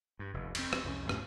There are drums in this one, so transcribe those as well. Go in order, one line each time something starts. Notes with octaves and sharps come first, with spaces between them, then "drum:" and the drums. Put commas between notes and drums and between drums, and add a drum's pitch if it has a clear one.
G2
F1 D#2
F2 C4, drum: cymbal
drum: rim click
C2 F2 C4 C#4
F2 A2 A3 C#4, drum: rim click